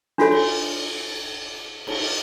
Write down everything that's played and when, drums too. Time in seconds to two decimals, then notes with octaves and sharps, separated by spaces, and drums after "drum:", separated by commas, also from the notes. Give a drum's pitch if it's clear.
0.18 D4 F4 F#4 A4 C#5, drum: snare
0.31 drum: cymbal
1.87 drum: cymbal